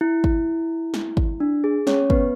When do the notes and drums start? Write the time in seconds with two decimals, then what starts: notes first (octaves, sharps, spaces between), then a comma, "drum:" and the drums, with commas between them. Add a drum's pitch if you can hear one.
0.01 E4
0.24 drum: kick
0.94 drum: snare
1.17 drum: kick
1.40 D4
1.64 G#4
1.87 C#4 C#5, drum: snare
2.10 B3 B4, drum: kick